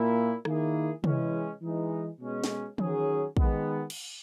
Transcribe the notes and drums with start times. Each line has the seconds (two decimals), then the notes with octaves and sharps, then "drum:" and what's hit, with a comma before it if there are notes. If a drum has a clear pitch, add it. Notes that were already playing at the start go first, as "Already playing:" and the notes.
Already playing: A#2 A#3 E4
0.45 D#3 A#3 E4 G#4, drum: rim click
1.04 E3 G#3 C#4, drum: tom C3
1.62 E3 G#3 D#4
2.20 B2 G#3 C#4
2.44 drum: snare
2.78 D#3 F#3 C#4 G#4, drum: tom E3
3.37 D#3 G#3 B3, drum: kick
3.90 drum: cymbal